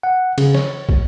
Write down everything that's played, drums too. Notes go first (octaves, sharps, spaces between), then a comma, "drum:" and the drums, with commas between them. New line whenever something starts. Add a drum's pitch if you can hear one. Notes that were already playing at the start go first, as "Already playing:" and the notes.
F#5
C#3, drum: cymbal
C#5, drum: snare
drum: kick